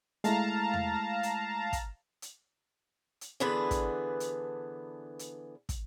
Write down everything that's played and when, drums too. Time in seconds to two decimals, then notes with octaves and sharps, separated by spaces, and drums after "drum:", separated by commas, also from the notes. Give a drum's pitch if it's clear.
0.24 G#3 A3 E4 F5 A5 A#5, drum: hi-hat
0.74 drum: tom E2
1.23 drum: hi-hat
1.73 drum: kick, hi-hat
2.22 drum: hi-hat
3.21 drum: hi-hat
3.40 D3 E3 B3 D4 G#4 B4
3.71 drum: kick, hi-hat
4.20 drum: hi-hat
5.19 drum: hi-hat
5.69 drum: kick, hi-hat